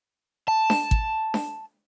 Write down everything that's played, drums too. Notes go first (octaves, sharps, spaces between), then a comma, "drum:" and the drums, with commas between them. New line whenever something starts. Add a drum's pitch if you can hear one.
A5
drum: snare D4
drum: kick
drum: snare D4